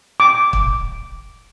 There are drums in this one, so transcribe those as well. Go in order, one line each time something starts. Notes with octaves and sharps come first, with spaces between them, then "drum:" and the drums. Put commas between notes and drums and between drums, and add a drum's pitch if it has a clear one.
D6
drum: kick